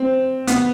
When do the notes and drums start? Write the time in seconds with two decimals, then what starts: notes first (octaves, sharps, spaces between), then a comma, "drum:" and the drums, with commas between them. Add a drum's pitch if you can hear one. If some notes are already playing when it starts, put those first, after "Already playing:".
Already playing: C4
0.47 B3, drum: hi-hat